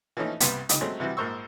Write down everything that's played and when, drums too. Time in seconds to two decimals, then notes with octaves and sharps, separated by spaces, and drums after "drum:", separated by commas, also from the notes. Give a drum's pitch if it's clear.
0.17 E3 F3 A3 C#4 D#4
0.40 C2 G2 G3 B3 G5 C6, drum: hi-hat
0.69 C#2 D#4 G4 D#5 D6, drum: hi-hat
0.81 F#3 G#3 A3 C4 C#4
1.00 C3 E3 G3 F#4
1.17 A#1 G#2 A#4 C5 C#6 E6